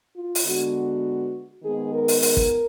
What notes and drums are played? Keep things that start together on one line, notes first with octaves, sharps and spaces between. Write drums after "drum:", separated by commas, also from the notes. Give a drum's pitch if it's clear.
F4
drum: open hi-hat
D3 G#3 B3 F#4
D#3 G#3 B3 G#4
A#4
drum: open hi-hat
A#4, drum: open hi-hat
drum: kick